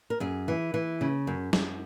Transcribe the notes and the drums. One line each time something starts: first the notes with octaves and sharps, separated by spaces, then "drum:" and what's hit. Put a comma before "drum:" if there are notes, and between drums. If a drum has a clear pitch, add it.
A#4
F#2 G#4
E3
E3
C#3
F#2
F#2, drum: snare